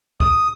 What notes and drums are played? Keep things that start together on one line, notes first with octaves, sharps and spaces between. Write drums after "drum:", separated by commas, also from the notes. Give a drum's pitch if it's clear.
D#6, drum: kick